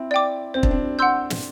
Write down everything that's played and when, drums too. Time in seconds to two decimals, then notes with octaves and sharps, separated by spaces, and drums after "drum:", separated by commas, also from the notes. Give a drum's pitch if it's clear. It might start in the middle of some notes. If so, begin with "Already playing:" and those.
Already playing: C4 E4
0.11 D5 G5 D6
0.54 C4 C5
0.63 D4, drum: kick
0.71 C4
0.99 F#5 C6 E6 G6
1.30 drum: snare